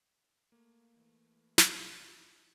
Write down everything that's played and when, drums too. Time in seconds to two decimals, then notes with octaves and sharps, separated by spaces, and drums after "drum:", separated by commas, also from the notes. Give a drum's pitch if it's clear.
0.52 A3 A#3
0.95 E3 A3
1.58 drum: snare